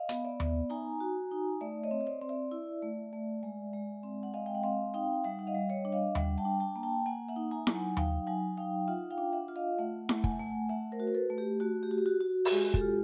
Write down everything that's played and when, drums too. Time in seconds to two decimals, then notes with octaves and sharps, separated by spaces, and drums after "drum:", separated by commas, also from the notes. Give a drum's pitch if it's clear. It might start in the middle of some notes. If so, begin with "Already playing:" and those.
Already playing: D#5 F5
0.09 B3, drum: hi-hat
0.25 D5 E5
0.40 B3, drum: tom D#2
0.70 D#4 G#5 A#5
1.00 F#4
1.31 D#4
1.61 A3 D5 E5
1.83 C#5 D#5
1.91 C4
2.01 D#5
2.06 C5 D5
2.21 C4
2.29 D5 E5
2.51 E4
2.82 A3
3.13 A3
3.43 G#3
3.73 G#3
4.03 C4
4.23 F#5
4.33 G#3 D#5 F5
4.46 G5
4.55 F#5
4.63 C4 D#5 F5
4.94 D#4 F5 G5
5.24 G3 E5 F#5
5.39 F#5
5.47 D#5 F5
5.54 G3
5.69 C#5 D#5
5.85 D4
5.92 D#5 F5
6.15 G3 E5 F#5, drum: tom D#2
6.38 G5 A5
6.45 D4
6.60 G5 A5
6.76 A#3
6.83 G5 A5
7.06 A#3 F#5 G#5
7.28 E5 F#5
7.36 D#4
7.51 G#5 A#5
7.67 F#3, drum: snare E4
7.74 F#5 G#5
7.97 D#4 F5 G5, drum: tom D#2
8.27 F#3 F#5 G#5
8.57 D#4 F5 G5
8.87 F4 E5 F#5
9.10 F5 G5
9.18 D4
9.33 E5 F#5
9.48 F4
9.56 D#5 F5
9.78 A3 E5 F#5
10.09 A3, drum: snare E4
10.24 F#5 G#5, drum: kick
10.40 A3
10.69 A3 E5 F#5
10.92 A#4 C5
11.00 F#4
11.07 C5
11.15 A4 B4
11.30 A3
11.38 G4
11.60 A3 F#4
11.83 G4
11.91 F#4
11.98 G4
12.06 F#4
12.21 F#4
12.45 G4, drum: open hi-hat
12.51 G#3 F#4 G#4
12.74 G4 A4, drum: kick
12.81 F4